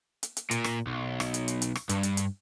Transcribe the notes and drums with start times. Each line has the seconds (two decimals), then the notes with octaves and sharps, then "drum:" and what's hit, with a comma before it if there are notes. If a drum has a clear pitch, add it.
0.23 drum: hi-hat
0.37 drum: hi-hat
0.51 A#2, drum: hi-hat
0.64 drum: rim click
0.87 B1
1.20 drum: rim click
1.34 drum: hi-hat
1.48 drum: hi-hat
1.62 drum: hi-hat
1.75 drum: rim click
1.89 G2, drum: hi-hat
2.03 drum: hi-hat
2.17 drum: hi-hat